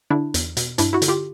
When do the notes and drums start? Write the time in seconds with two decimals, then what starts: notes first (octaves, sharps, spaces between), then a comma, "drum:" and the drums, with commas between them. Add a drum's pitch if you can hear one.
0.10 D3 D4 E4
0.34 E2, drum: hi-hat
0.57 B2, drum: hi-hat
0.78 G2 D4 E4, drum: hi-hat
0.93 E4 F#4
1.02 D3, drum: hi-hat
1.08 F4 G4